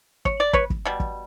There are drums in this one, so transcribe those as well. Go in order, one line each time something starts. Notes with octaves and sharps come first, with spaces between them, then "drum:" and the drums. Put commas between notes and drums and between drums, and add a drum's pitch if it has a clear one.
C#5, drum: kick
D5
B4 C#5, drum: kick
drum: kick
B2 G3
drum: kick